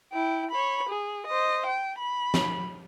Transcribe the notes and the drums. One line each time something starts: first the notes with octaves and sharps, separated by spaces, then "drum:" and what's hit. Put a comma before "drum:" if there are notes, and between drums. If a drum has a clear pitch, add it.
E4 G5
C#5 B5
G#4
C5 D#5
G5
B5
drum: snare